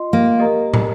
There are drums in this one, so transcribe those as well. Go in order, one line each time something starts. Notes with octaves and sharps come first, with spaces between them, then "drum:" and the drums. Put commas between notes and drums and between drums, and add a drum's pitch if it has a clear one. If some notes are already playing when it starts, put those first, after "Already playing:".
Already playing: F4 D#5 C6
A#3
G4 A#4 D#5 A#5
drum: tom